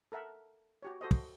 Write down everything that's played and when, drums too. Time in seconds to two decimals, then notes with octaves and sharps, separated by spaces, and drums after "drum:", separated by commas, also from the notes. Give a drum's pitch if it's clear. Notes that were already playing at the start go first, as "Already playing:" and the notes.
0.12 A4 A#4 E5 F#5
0.82 F#4 G4 C#5
1.01 F#4 A4 C5 D#5
1.11 drum: kick